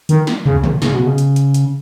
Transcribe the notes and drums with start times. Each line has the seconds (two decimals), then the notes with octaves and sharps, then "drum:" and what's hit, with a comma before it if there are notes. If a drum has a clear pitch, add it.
0.09 D#3, drum: hi-hat
0.27 drum: snare
0.46 C#3, drum: tom
0.64 drum: tom
0.82 C#3, drum: snare
0.94 B2
1.07 C#3
1.18 drum: hi-hat
1.36 drum: hi-hat
1.54 drum: hi-hat